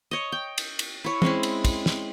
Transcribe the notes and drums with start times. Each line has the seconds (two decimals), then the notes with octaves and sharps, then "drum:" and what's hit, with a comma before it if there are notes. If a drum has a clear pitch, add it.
0.11 C#5 D#5
0.32 G5
0.58 drum: cymbal
0.79 drum: cymbal
1.04 E4 C#5
1.22 G#3 C4 C#4 E4, drum: tom
1.43 drum: cymbal
1.65 drum: kick, cymbal
1.86 drum: snare